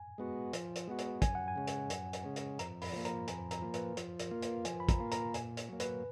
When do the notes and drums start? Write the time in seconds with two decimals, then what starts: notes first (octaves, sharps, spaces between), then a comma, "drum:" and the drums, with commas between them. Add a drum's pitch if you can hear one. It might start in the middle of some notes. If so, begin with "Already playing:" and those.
Already playing: G#5
0.18 G#3 B3 F#4
0.53 F3, drum: hi-hat
0.76 drum: hi-hat
0.87 G#3 B3 F#4
0.99 drum: hi-hat
1.22 F#2 G#5, drum: kick, hi-hat
1.35 F#5
1.48 G#5
1.56 C#3 G#3 C#4
1.67 drum: hi-hat
1.90 F#2, drum: hi-hat
2.13 drum: hi-hat
2.24 C#3 G#3 C#4
2.36 drum: hi-hat
2.59 F2 A#5, drum: hi-hat
2.82 B5, drum: open hi-hat
2.93 F3 A#3
3.05 A#5, drum: hi-hat
3.28 F2 G#5, drum: hi-hat
3.51 A#5, drum: hi-hat
3.62 F3 A#3
3.74 B4, drum: hi-hat
3.97 F3, drum: hi-hat
4.20 A#4, drum: hi-hat
4.31 A#3 F4
4.42 B4, drum: hi-hat
4.65 F3 G#5, drum: hi-hat
4.80 B5
4.89 A#5, drum: kick, hi-hat
5.00 A#3 F4
5.12 A#5, drum: hi-hat
5.34 A#2 G#5, drum: hi-hat
5.57 drum: hi-hat
5.69 F#3 A#3
5.80 B4, drum: hi-hat